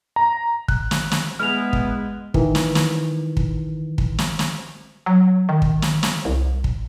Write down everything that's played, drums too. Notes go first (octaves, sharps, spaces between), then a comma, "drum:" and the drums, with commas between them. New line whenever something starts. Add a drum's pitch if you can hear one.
A#5
F#6, drum: kick
drum: snare
drum: snare
G#3 B3 E4 G#4 B4 F6 F7
drum: kick
D#3 E3, drum: kick
drum: snare
drum: snare
drum: kick
drum: kick
drum: snare
drum: snare
F#3
D#3
drum: kick
drum: snare
drum: snare
C2
drum: kick